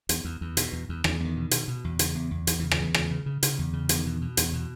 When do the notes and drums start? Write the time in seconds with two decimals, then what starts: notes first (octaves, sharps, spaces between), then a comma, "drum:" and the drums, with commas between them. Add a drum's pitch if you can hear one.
0.09 E2, drum: hi-hat
0.25 E2
0.41 E2
0.57 B2, drum: hi-hat
0.73 E2
0.89 E2
1.04 E2 D#3, drum: rim click
1.20 E2 D#3
1.37 B2
1.51 B2, drum: hi-hat
1.68 B2
1.84 E2
1.99 C#3, drum: hi-hat
2.15 E2
2.31 E2
2.47 E2 E3, drum: hi-hat
2.60 E3
2.63 C#3
2.71 D#3, drum: rim click
2.79 E2 E3
2.94 C#3, drum: rim click
3.11 C#3
3.26 C#3
3.43 C#3, drum: hi-hat
3.59 E2
3.73 C#3
3.89 E2 D#3, drum: hi-hat
4.06 B2
4.21 B2
4.37 E2, drum: hi-hat
4.53 B2